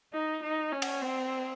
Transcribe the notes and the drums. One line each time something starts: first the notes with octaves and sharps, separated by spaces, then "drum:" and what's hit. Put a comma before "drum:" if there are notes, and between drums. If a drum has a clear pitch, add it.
D#4
D#4
C#4
drum: cymbal
C4